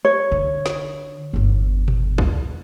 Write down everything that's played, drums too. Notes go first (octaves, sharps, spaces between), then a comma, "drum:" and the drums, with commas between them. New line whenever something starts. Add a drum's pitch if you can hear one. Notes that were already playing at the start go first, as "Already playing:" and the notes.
C#5
D3
drum: snare
G1 E2
drum: tom A#2
drum: kick B1